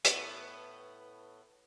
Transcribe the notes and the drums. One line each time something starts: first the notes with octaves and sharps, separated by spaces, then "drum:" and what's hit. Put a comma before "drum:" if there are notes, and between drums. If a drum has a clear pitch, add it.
A2 B3, drum: hi-hat